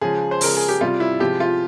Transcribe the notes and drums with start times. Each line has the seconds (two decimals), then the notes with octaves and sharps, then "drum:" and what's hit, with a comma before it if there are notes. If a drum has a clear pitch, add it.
0.01 C#3 F3 G#3 G#4
0.31 C5
0.41 C#3 F3 G#3 A#4, drum: open hi-hat
0.57 G#4
0.68 G4
0.81 C3 G3 F4
1.00 E4
1.20 C3 F3 G#3 G4
1.40 F4